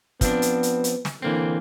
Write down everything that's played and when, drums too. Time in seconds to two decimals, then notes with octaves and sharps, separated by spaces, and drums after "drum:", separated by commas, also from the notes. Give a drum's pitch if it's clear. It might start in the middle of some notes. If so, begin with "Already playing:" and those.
0.21 F3 B3 C4 D4, drum: kick, hi-hat
0.42 drum: hi-hat
0.63 drum: hi-hat
0.84 drum: hi-hat
1.05 drum: snare
1.22 D3 E3 A#3 C4